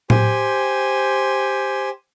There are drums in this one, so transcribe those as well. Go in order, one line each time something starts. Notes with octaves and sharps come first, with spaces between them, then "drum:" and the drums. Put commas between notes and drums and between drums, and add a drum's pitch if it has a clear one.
G4 C5 G#5, drum: tom A2